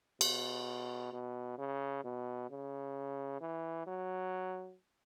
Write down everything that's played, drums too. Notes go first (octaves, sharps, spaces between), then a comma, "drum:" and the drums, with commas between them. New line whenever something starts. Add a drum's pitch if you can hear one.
B2, drum: cymbal
B2
C#3
B2
C#3
E3
F#3